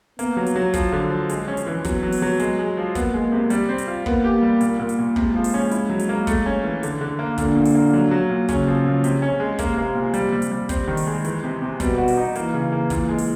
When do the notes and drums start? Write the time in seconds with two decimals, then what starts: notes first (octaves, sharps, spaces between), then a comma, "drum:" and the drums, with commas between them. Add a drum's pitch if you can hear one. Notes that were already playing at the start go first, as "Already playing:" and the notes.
0.19 A#3 B3, drum: hi-hat
0.37 F#3
0.46 drum: hi-hat
0.56 F#3
0.74 F3, drum: kick, hi-hat
0.92 D3
1.11 F3
1.29 G#3, drum: hi-hat
1.48 C#4
1.57 drum: hi-hat
1.67 E3
1.84 F#3 B3, drum: kick, hi-hat
2.03 F#3
2.12 drum: open hi-hat
2.22 F#3
2.39 G#3, drum: hi-hat
2.59 G#3
2.77 F3
2.95 A#3 B3, drum: kick, hi-hat
3.14 G#3
3.32 C3
3.50 G3, drum: hi-hat
3.69 C4
3.78 drum: hi-hat
3.87 F4
4.06 A#3 B3, drum: kick
4.24 G4
4.42 G3
4.61 A#2, drum: hi-hat
4.79 A#2
4.89 drum: hi-hat
4.99 A#2
5.16 C3 G#3, drum: kick
5.35 F3
5.44 drum: open hi-hat
5.54 C#4
5.71 E4, drum: hi-hat
5.90 F#3
5.99 drum: hi-hat
6.09 A#3
6.27 A3, drum: kick, hi-hat
6.46 C#4
6.64 E3
6.83 D3, drum: hi-hat
7.01 D3
7.19 A#3
7.38 A#2 D3, drum: kick, hi-hat
7.56 A#2
7.65 drum: open hi-hat
7.75 A#3
7.93 F#3
8.11 F#3
8.29 A#2
8.48 C#3 C#4, drum: kick, hi-hat
8.67 F3
8.86 A#2
9.04 C3, drum: hi-hat
9.22 C#4
9.40 G#3
9.58 C3 A#3, drum: kick, hi-hat
9.77 A#3
9.95 A#2
10.14 G3, drum: hi-hat
10.32 G3
10.42 drum: hi-hat
10.52 G3
10.69 C4, drum: kick, hi-hat
10.87 D#3
10.97 drum: open hi-hat
11.07 G#3
11.25 E3, drum: hi-hat
11.44 C3
11.62 C3
11.80 B2 G3, drum: kick, hi-hat
11.98 F#4
12.08 drum: open hi-hat
12.17 D#4
12.35 E3 A#3, drum: hi-hat
12.54 C#3
12.72 A#3
12.90 A#2, drum: kick, hi-hat
13.09 G#3
13.18 drum: open hi-hat